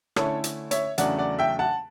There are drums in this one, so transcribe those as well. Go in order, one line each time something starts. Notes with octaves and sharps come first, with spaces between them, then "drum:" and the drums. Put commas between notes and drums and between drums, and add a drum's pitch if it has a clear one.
D3 A3 C#4 E4 A4 C#5, drum: rim click
drum: hi-hat
C#5 E5, drum: hi-hat
E2 C#3 F#3 A3 D4 D5 F#5, drum: hi-hat
D5 F#5
E5 G5
F#5 A5